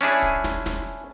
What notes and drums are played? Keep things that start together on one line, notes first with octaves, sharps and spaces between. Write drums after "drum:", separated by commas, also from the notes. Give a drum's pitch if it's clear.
C#4 D4 E4 G#4
drum: kick
drum: snare
drum: snare